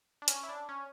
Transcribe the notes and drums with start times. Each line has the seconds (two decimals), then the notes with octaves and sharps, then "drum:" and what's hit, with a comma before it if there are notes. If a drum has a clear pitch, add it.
0.22 D4
0.28 C#4, drum: hi-hat
0.43 E4
0.49 D4
0.69 C#4